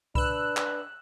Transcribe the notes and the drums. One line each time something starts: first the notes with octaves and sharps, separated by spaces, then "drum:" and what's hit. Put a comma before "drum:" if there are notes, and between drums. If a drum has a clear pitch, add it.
D4 B4 B5 E6 F#6, drum: kick C2
drum: clap